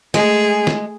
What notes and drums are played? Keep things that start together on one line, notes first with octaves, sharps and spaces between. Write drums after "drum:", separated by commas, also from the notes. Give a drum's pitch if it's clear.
G#3 A3 G#4, drum: snare
drum: snare